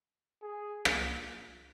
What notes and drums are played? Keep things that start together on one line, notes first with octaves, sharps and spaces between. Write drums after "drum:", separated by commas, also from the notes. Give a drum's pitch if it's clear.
G#4
drum: rim click